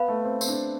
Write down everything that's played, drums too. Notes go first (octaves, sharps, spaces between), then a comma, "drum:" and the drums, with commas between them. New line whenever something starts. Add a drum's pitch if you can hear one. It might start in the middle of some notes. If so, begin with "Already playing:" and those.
Already playing: B3 B4 F5 B5
A3
C4
C4, drum: tambourine
D4
C4